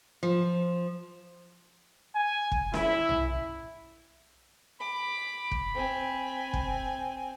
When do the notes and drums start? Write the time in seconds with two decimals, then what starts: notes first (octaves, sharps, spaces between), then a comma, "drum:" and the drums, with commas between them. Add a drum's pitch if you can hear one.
0.23 F3
2.16 G#5
2.52 drum: kick
2.74 E4, drum: snare
3.09 drum: tom
4.80 B5 D6
5.51 drum: kick
5.75 C4 G#5
6.53 drum: kick